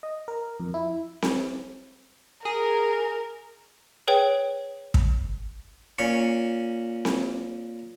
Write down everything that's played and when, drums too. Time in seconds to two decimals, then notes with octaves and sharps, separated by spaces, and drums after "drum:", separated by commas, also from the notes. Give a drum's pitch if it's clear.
0.03 D#5
0.28 A#4
0.60 F2
0.74 E4
1.22 drum: snare C4
2.45 G#4 A#4
4.08 G#4 B4 C#5 G5
4.94 drum: kick
5.98 A#2 C#4 C#6
7.05 drum: snare C4